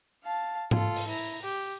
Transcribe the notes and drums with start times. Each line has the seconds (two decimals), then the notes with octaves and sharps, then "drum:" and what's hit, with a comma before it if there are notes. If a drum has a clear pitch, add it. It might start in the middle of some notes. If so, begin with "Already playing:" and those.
0.23 F5 A5
0.71 F4 A4, drum: tom G#2
0.96 drum: open hi-hat
1.08 E4 A#5
1.42 G4